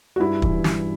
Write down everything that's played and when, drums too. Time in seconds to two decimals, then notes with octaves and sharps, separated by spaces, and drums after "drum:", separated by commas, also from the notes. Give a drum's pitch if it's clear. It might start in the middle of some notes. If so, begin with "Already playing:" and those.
0.16 F#4
0.20 G2 E4
0.42 E3, drum: kick
0.64 G2, drum: snare